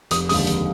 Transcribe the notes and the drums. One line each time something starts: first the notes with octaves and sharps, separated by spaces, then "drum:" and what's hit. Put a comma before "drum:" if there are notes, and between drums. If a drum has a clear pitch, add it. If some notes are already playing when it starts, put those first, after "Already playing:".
F1 D#6, drum: hi-hat
D#2 D3 G#3 D#6, drum: open hi-hat
F1, drum: hi-hat